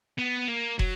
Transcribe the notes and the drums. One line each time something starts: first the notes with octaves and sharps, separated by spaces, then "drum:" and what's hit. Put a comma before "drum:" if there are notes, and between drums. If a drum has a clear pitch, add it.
B3
A#3
F#3, drum: kick